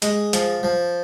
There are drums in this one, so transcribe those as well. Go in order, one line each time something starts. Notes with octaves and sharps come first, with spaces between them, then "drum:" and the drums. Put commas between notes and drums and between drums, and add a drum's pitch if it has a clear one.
G#3, drum: hi-hat
F3, drum: hi-hat
F3